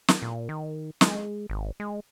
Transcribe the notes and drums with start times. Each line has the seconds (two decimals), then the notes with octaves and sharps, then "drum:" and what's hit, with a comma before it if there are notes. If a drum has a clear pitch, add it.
0.08 drum: snare
0.22 A#2
0.49 D#3
1.01 G#3, drum: snare
1.50 G#1
1.80 G#3